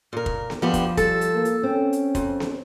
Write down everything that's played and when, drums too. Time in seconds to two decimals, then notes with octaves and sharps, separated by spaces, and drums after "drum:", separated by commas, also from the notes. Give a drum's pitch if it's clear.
0.13 A#2 A#4
0.26 drum: kick
0.50 drum: snare B3
0.62 G2 F3 B3 G4
0.74 drum: kick, hi-hat
0.97 G3 A4, drum: kick, hi-hat
1.21 drum: hi-hat
1.35 A#3
1.45 drum: hi-hat
1.63 C4 C#4
1.93 drum: hi-hat
2.15 F2, drum: kick, hi-hat
2.40 drum: snare B3